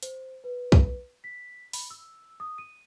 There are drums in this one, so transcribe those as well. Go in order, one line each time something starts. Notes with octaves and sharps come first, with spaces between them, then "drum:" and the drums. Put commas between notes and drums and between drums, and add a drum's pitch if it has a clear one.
C5, drum: hi-hat
B4
drum: kick
B6
B5, drum: open hi-hat
E6
D#6
D#7